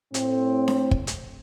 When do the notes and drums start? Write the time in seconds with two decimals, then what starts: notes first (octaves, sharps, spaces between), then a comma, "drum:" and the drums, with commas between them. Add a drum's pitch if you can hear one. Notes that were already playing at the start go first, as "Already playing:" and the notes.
0.14 A2 C4, drum: hi-hat
0.68 drum: snare D4
0.91 drum: kick
1.07 drum: hi-hat